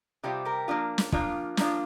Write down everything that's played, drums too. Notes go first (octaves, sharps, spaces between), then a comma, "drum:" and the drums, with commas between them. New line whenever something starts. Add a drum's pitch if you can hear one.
C3 G3 C4 F4 G4
G4 A#4
F3 A#3 D4 F4
drum: snare
F3 A#3 D4 F4, drum: kick
F3 A#3 D4 F4, drum: snare